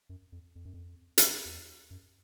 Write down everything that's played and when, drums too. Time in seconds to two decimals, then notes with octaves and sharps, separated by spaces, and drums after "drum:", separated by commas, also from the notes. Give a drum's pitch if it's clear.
0.09 F#2
0.32 F2
0.56 F2
0.65 F#2
0.74 F2
1.18 drum: hi-hat
1.45 E2
1.91 F#2